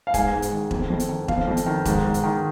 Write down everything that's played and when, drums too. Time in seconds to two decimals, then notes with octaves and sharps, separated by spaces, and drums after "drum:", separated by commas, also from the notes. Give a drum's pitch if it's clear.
0.07 F5
0.14 G#2 G#5, drum: kick E1, hi-hat
0.33 G#2
0.42 drum: hi-hat
0.52 D#3
0.71 F2, drum: kick E1
0.90 F2
1.00 drum: hi-hat
1.09 D#3
1.28 F2 F5, drum: kick E1
1.48 F2
1.57 drum: hi-hat
1.66 D#3
1.85 G#2, drum: kick E1, hi-hat
2.04 G#2
2.14 drum: hi-hat
2.24 D#3